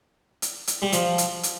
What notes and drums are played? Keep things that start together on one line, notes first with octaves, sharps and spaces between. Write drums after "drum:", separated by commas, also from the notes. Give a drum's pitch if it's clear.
drum: hi-hat
drum: hi-hat
G3
F3, drum: hi-hat
drum: hi-hat
drum: hi-hat